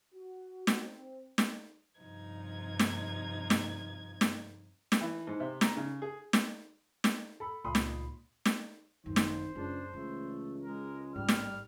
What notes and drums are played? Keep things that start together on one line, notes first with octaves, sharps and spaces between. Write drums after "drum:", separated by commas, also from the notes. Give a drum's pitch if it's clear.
F#4
drum: snare
C4
drum: snare
G2 C3 F3 D#4 G#6
drum: snare
drum: snare
drum: snare
drum: snare
E3
G#2
C3
A#5, drum: snare
C#3
G#4
drum: snare
drum: snare
A4 B5
C#2 A#2 B5 C6 D#6
drum: snare
drum: snare
G#1 F#2 D#3 C5
drum: snare
C#2 F#2 A#3 D4
C#2 E3 A3
G#3 A#4
A1 G#2 G3 F6
drum: snare